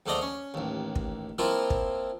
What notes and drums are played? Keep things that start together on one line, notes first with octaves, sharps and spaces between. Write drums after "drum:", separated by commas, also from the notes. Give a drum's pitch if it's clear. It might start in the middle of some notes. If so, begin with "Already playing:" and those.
D#2 G#2 A3 D5 D#5 A#5
C#4
A1 D#2
drum: kick
F3 A#3 C4 E4 F4
drum: kick